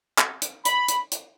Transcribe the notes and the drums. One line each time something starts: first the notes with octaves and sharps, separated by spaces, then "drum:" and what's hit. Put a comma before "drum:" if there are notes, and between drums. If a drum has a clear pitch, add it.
drum: clap
drum: hi-hat
B5, drum: hi-hat
drum: hi-hat
drum: hi-hat